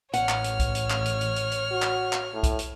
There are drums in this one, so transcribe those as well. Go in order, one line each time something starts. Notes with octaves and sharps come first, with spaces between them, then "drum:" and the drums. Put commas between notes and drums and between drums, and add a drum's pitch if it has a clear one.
A1 C#5 F#5 F6, drum: hi-hat
drum: clap
drum: hi-hat
drum: kick B1, hi-hat
drum: hi-hat
drum: clap
drum: hi-hat
drum: hi-hat
drum: hi-hat
drum: hi-hat
F#4
drum: clap
drum: clap
A2
drum: kick B1, hi-hat
drum: hi-hat